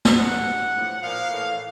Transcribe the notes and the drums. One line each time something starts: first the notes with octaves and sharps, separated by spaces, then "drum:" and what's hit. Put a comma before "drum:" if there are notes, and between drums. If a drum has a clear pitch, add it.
drum: snare
G2 D3 F#3 F#5
G2 E3
A2 F3
A#2 F3 F5
A2 E3